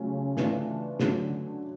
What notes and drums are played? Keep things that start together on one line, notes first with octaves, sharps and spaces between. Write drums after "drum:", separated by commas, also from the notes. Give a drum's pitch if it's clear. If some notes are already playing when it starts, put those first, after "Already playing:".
Already playing: C#3 F#3 A3 F4
E3 A3 D4 F4, drum: snare
D3 F#3 A3, drum: snare